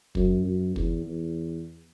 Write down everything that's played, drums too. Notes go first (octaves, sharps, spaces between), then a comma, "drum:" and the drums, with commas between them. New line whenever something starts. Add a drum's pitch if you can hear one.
F#2, drum: kick
F#2
E2, drum: kick
E2